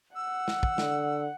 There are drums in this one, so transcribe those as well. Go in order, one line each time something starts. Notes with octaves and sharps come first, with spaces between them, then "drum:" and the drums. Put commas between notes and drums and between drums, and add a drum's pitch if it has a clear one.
F#5 E6
drum: snare
drum: kick
D3, drum: snare